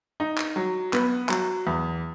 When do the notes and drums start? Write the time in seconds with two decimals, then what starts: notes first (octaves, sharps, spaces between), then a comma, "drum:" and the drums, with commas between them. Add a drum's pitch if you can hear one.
0.20 D#4
0.38 drum: clap
0.56 F#3
0.93 B3, drum: clap
1.29 F#3, drum: clap
1.67 E2